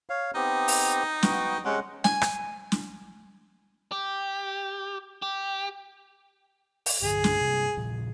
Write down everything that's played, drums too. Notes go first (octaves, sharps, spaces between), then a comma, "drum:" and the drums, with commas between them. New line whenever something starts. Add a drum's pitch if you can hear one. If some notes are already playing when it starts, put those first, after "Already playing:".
C#5 F5
B3 C4 D#4 G4
drum: open hi-hat
B3 F#4 G5, drum: snare
C3 G#3 C#4 F#5
G#5, drum: snare
drum: rim click
drum: snare
G4
G4
drum: open hi-hat
C2 G2 D3 G#4
drum: snare
G2 C3
A#2 C#3 F3